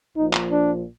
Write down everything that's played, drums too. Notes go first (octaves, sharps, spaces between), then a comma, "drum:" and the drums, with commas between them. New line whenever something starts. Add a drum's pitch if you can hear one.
A#1 A#2 F3 D#4
drum: clap
D4